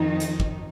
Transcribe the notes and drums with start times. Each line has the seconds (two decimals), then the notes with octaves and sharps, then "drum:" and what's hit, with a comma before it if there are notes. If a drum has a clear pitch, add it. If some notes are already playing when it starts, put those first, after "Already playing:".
Already playing: F2 D#3 D#4
0.20 drum: hi-hat
0.40 drum: kick